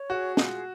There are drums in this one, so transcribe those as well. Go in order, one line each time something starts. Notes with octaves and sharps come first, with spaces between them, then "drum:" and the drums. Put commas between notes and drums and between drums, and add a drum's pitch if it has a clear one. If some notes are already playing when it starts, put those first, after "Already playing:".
Already playing: C#5
F#4 G#4
F4, drum: snare